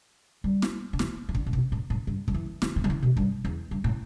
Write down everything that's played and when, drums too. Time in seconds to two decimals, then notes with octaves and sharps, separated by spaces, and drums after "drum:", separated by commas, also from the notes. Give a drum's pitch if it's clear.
0.44 G3
0.62 drum: snare
0.93 D3
0.99 E3, drum: snare
1.29 E3
1.35 D3, drum: kick
1.46 A2
1.53 B2, drum: kick
1.72 A2
1.90 A2
2.07 G2
2.28 G3, drum: kick
2.34 E3
2.62 E3, drum: snare
2.76 E3
2.84 G3
2.90 E3
3.02 B2
3.17 G2, drum: kick
3.45 E2
3.71 G2
3.84 A2